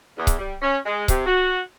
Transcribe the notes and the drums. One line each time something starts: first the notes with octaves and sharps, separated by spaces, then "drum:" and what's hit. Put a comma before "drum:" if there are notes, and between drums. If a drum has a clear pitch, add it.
E2
drum: kick C#1, hi-hat
G3
C#4
G#3
C3, drum: kick C#1, hi-hat
F#4